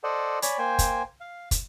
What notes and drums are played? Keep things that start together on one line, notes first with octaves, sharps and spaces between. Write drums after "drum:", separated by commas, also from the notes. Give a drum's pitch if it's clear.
A4 C5 D5 D#5 F#5
C#5 D5 G#5 B5, drum: hi-hat
A#3 C5 G5 G#5
drum: kick, hi-hat
F5
drum: kick, hi-hat